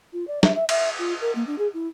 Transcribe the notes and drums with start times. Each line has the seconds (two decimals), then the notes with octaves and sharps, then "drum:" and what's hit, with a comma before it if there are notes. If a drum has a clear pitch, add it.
0.13 F4
0.28 D5
0.43 E5, drum: snare
0.55 E5
0.69 E5, drum: cymbal
0.99 F4
1.21 A#4
1.35 A#3
1.47 D4
1.59 G#4
1.74 E4